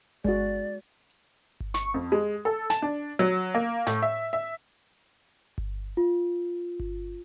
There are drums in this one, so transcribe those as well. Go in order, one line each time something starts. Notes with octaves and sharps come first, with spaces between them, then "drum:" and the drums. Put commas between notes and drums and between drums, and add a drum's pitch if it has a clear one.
G#3 F#4 D5, drum: kick G1
drum: hi-hat
drum: kick G1
C#6, drum: snare
F2
G#3
A4
A5, drum: snare
D4
F#3
A#3
A2, drum: snare
E5, drum: hi-hat
E5
drum: kick G1
F4
drum: kick G1